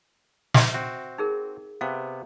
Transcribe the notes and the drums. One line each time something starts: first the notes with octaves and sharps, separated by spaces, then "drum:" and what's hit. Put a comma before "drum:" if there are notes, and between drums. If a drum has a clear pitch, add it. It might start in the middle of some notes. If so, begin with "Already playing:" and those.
C#5 E5, drum: snare
C4 F#4
D#4 G#4 A#4
C3 B3 F5